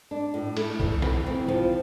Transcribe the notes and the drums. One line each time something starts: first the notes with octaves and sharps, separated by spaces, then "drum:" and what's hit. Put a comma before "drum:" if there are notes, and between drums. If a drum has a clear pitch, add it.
D4
A2
A3, drum: cymbal
E3, drum: kick B1
E3, drum: snare
C4
F3, drum: tom